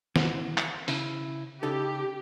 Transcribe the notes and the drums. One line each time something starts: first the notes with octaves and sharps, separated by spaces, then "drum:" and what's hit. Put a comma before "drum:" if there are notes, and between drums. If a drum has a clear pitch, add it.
E3, drum: snare
drum: clap
C#3 E4 A5, drum: open hi-hat
C#3 D#4 G4 A4